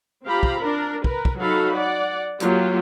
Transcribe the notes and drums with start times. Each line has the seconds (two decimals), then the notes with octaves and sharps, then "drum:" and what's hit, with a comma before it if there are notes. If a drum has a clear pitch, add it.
0.25 C4 F4 G4 F5 A#5 B5
0.43 drum: kick
0.60 D4 A#4
1.04 A#4 B4, drum: kick
1.25 drum: kick
1.38 F#3 D#4 F#4 A4 F5 B5
1.75 D5 F#5
2.40 F#3 A#3 F4 G4, drum: hi-hat